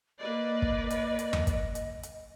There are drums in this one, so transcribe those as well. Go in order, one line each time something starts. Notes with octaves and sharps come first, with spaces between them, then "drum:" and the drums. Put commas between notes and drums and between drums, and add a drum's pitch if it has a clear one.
A#3 B4 D5 D#5
drum: kick
drum: hi-hat
drum: hi-hat
drum: tom E2
drum: kick, hi-hat
drum: hi-hat
drum: hi-hat